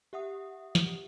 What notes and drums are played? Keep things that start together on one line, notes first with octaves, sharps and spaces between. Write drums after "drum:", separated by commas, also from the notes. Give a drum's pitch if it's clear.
G4 E5 F#5 D#6
drum: snare